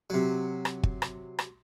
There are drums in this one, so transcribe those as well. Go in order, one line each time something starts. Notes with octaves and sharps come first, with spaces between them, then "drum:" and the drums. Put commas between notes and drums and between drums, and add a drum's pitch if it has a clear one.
C3 F#3
drum: rim click
drum: kick
drum: rim click
drum: rim click